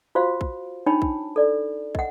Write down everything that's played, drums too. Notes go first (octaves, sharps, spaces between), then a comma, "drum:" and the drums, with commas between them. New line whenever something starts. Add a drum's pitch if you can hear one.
F4 F#4 C5 F5
drum: kick
D4 D#4 C#5 G5 A5 B5
drum: kick
A4 D5
D#5 F#5, drum: kick